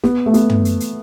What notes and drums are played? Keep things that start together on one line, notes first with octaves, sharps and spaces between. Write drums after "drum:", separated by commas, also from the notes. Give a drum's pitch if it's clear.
B3, drum: snare
A3
B3, drum: hi-hat
drum: tom
drum: hi-hat
drum: hi-hat